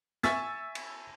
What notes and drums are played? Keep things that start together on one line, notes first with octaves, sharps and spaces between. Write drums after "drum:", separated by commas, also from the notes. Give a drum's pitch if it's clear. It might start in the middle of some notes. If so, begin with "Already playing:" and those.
E5 G#5 C#6 E6 A6 B6, drum: snare
drum: cymbal